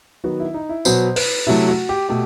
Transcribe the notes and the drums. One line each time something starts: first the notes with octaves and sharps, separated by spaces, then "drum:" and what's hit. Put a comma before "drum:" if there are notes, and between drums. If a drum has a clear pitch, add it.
D#3 F#3 B3 F#4
E4
D#4
E4
B2 F#3 B3 C5, drum: tambourine
B4, drum: open hi-hat
C3 F#3 A3 E4
F#4
G4
B2 A3 G4